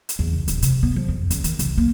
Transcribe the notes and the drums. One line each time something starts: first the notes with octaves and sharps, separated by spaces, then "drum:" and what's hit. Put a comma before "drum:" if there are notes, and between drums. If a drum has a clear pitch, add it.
drum: hi-hat
E2
C2
D1, drum: hi-hat
C3, drum: hi-hat
B3
F3
F2
C#2, drum: hi-hat
D#3, drum: hi-hat
C2, drum: kick, hi-hat
A#3